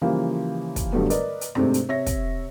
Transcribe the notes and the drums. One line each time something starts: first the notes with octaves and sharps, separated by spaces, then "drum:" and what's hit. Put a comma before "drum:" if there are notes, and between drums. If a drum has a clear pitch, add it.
C#3 E3 F3 G3 A#3
drum: kick, hi-hat
G2 D3 F#3 G3 A3 B3
A#4 B4 D5 D#5, drum: hi-hat
drum: hi-hat
G#2 C3 A3 C4 D4, drum: rim click
drum: hi-hat
C3 C#5 E5 A#6
drum: kick, hi-hat